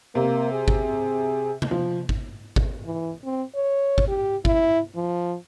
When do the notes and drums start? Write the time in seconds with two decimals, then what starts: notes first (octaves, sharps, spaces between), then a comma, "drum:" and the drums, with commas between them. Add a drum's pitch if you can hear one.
0.15 C3 A#3
0.52 G#4
0.68 drum: kick G#1
1.62 drum: tom C3
1.71 F3
2.09 drum: kick G#1
2.56 drum: kick G#1
2.85 E3
3.24 C4
3.55 C#5
3.98 drum: kick G#1
4.08 G4
4.45 E4, drum: kick G#1
4.96 F3